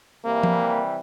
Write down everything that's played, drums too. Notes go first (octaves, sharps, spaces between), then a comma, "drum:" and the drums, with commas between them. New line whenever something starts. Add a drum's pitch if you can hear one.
C3 E3 G3 A#3
drum: tom F3